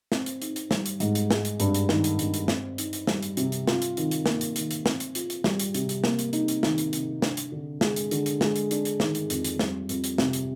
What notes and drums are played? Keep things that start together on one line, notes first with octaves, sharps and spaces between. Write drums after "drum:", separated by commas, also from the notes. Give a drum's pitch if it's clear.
C4, drum: snare
drum: hi-hat
D#4, drum: hi-hat
drum: hi-hat
G3, drum: snare
drum: hi-hat
G#2, drum: hi-hat
drum: hi-hat
G#3, drum: snare
drum: hi-hat
G2, drum: hi-hat
drum: hi-hat
D#3, drum: snare
drum: hi-hat
G2, drum: hi-hat
drum: hi-hat
C4, drum: snare
D#4, drum: hi-hat
drum: hi-hat
G3, drum: snare
drum: hi-hat
C3, drum: hi-hat
drum: hi-hat
F4, drum: snare
drum: hi-hat
D#3, drum: hi-hat
drum: hi-hat
A#3, drum: snare
drum: hi-hat
D#3, drum: hi-hat
drum: hi-hat
C4, drum: snare
drum: hi-hat
F4, drum: hi-hat
drum: hi-hat
G3, drum: snare
drum: hi-hat
C3, drum: hi-hat
drum: hi-hat
A#3, drum: snare
drum: hi-hat
D#4, drum: hi-hat
drum: hi-hat
D#3, drum: snare
drum: hi-hat
C3, drum: hi-hat
D4, drum: snare
drum: hi-hat
D3
G#3, drum: snare
drum: hi-hat
D3, drum: hi-hat
drum: hi-hat
G#3, drum: snare
drum: hi-hat
D4, drum: hi-hat
drum: hi-hat
D#3, drum: snare
drum: hi-hat
F2, drum: hi-hat
drum: hi-hat
G3, drum: snare
F2, drum: hi-hat
drum: hi-hat
C3, drum: snare
drum: hi-hat